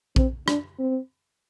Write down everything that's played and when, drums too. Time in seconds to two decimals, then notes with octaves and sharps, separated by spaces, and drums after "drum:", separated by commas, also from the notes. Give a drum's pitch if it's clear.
0.16 C4, drum: kick A#1
0.48 D4, drum: rim click
0.79 C4